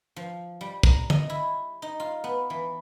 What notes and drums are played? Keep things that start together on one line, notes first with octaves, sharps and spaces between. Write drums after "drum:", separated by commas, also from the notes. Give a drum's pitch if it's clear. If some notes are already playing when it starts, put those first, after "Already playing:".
F3
G3
A#5, drum: kick
D#5, drum: tom D3
E4
D#4
F4
B3
E3